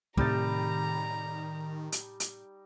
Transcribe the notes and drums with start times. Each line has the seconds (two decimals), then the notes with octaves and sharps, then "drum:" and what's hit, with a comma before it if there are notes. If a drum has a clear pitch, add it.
0.17 A2 C3 D#3 G3 D#4 A5 A#5, drum: kick
1.92 drum: hi-hat
2.20 drum: hi-hat